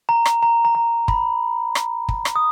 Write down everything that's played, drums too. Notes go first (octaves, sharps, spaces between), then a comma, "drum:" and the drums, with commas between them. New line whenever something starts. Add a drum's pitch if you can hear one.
A#5
drum: rim click
A#5
A#5
A#5
B5, drum: kick
drum: rim click
drum: kick
drum: rim click
D#6